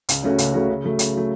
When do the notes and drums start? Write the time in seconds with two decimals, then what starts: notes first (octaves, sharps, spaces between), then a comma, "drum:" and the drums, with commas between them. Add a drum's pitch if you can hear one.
0.09 C#2, drum: hi-hat
0.23 C#3 A3 C#4 F#4
0.38 C#2, drum: hi-hat
0.53 C#3 A3 C#4 F#4
0.69 C#3
0.84 F#3 A3
0.99 C#3, drum: hi-hat
1.14 F#3 A3